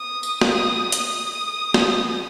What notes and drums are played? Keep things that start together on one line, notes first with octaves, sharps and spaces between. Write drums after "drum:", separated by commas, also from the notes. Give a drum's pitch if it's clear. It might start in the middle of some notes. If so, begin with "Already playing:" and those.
Already playing: D#6
drum: tambourine
D#6, drum: snare
D#6, drum: hi-hat
drum: snare